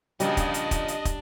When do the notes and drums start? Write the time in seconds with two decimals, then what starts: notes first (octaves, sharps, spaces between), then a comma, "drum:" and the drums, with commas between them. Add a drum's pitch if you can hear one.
0.20 A#2 C#3 F3 G3 D4 D#5, drum: hi-hat
0.37 drum: kick, hi-hat
0.54 drum: hi-hat
0.71 drum: kick, hi-hat
0.88 drum: hi-hat
1.05 drum: kick, hi-hat